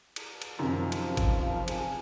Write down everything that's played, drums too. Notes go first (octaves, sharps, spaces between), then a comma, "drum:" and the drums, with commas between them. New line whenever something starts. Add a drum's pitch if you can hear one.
drum: cymbal
drum: cymbal
F#2 C3 D#3 F3
drum: cymbal
drum: kick G1, cymbal
F3
G#4, drum: cymbal